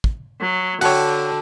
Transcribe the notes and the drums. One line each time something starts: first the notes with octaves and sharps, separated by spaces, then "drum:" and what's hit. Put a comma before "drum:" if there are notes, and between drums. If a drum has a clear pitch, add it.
drum: kick
F#3
D3 F#4 C#5 F#5 G5 A5, drum: cymbal